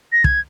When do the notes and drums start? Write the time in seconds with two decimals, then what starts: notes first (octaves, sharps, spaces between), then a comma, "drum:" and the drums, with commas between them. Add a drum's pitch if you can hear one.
0.12 A#6
0.24 G#6, drum: kick